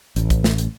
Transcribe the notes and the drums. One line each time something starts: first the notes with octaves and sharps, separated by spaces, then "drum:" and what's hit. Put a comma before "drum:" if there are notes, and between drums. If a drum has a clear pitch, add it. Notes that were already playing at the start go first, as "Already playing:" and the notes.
A1, drum: hi-hat
drum: kick A#1, hi-hat
drum: snare
drum: hi-hat